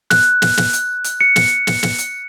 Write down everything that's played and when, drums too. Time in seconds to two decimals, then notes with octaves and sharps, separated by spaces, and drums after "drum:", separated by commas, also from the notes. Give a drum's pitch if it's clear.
0.10 F#6, drum: snare
0.42 drum: snare
0.57 drum: snare
0.73 drum: hi-hat
1.04 drum: hi-hat
1.21 C#7
1.36 drum: snare
1.67 drum: snare
1.83 drum: snare
1.98 drum: hi-hat